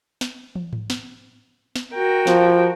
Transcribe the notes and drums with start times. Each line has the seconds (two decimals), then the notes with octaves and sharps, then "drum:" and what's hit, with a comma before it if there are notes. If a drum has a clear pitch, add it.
0.21 drum: snare
0.55 drum: tom
0.73 drum: tom G#2
0.90 drum: snare
1.76 drum: snare
1.93 F#4 A#4 G5
2.27 F3, drum: snare